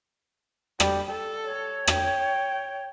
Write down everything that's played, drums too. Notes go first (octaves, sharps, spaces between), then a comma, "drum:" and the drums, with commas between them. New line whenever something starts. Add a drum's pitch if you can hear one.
G3, drum: rim click
A4
C#5
G5, drum: rim click